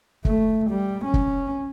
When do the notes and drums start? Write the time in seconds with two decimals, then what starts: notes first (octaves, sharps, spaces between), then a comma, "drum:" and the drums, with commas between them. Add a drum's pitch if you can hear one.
0.25 A3, drum: kick
0.70 G3
1.05 C#4
1.14 drum: kick